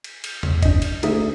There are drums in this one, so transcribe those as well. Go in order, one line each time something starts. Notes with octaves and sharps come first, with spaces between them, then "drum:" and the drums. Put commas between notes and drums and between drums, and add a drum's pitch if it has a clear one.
drum: cymbal
drum: cymbal
drum: tom E2
D4 D#5, drum: kick, cymbal
drum: cymbal
D2 D#4 G#4 E5, drum: cymbal